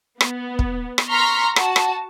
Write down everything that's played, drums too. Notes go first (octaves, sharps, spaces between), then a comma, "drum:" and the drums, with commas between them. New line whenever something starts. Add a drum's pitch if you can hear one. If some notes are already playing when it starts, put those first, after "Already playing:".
B3, drum: rim click
drum: kick
drum: rim click
A#5 C6 C#6 F6 B6
F#4 A5, drum: rim click
drum: rim click